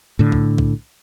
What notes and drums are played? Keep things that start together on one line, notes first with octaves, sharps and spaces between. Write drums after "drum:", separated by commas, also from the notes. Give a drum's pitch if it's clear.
A2 D3
drum: kick B1
drum: kick B1